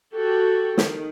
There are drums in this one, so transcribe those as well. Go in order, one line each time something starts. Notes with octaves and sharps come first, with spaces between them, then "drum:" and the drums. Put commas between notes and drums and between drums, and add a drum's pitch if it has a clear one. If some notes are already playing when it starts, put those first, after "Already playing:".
F#4 G4 A4
D#3, drum: snare